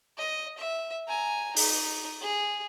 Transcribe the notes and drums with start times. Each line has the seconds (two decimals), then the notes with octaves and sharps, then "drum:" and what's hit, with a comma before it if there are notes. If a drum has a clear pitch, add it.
0.18 D#5
0.58 E5
1.08 G#5 A#5
1.56 D#4, drum: open hi-hat
2.21 G#4